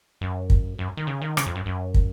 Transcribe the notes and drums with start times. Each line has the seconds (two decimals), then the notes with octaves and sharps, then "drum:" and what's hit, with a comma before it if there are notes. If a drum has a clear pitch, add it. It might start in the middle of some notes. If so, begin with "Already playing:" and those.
0.21 F#2
0.50 drum: kick
0.79 F#2
0.97 D#3
1.07 C#3
1.22 D#3
1.37 C#3, drum: rim click
1.46 F2
1.55 F#2
1.66 F#2
1.94 drum: kick